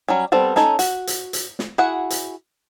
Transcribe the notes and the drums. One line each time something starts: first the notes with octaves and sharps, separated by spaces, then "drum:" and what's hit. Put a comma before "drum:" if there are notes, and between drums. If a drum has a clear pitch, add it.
F#3 G3 C#4
G3 B3 C4 A4
C#4 D#4 A4 C#5, drum: snare
F#4, drum: hi-hat
drum: hi-hat
drum: hi-hat
drum: snare
E4 F#4 G#4 F#5
drum: hi-hat